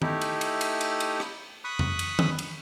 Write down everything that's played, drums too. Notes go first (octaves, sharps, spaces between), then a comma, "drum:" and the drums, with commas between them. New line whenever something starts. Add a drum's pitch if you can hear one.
A3 D#4 E4 G4, drum: tom D#3
drum: cymbal
drum: cymbal
drum: cymbal
drum: cymbal
drum: cymbal
drum: rim click
B5 C#6 D#6 F#6
drum: tom F2
drum: cymbal
drum: tom D#3
drum: cymbal